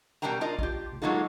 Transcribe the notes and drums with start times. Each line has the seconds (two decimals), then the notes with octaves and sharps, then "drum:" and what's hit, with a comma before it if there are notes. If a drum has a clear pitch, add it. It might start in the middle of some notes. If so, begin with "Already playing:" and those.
0.22 B2 G3 D4 A#4 G5 A#5
0.41 F4 A#4 D5 D#5
0.59 F4 G4, drum: kick
0.92 drum: tom C3
1.02 F#3 G#3 A#3 D#4 F4 A4